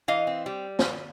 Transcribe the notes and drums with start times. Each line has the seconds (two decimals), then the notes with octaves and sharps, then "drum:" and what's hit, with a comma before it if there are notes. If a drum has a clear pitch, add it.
0.08 E3 D#5 F5
0.27 C4
0.46 G3
0.79 drum: snare